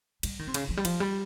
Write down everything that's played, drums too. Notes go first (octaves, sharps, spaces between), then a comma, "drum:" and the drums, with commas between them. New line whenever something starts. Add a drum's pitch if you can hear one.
G3, drum: cymbal
D#3
C3
C#3, drum: cymbal
F3
G3
F3, drum: cymbal
G3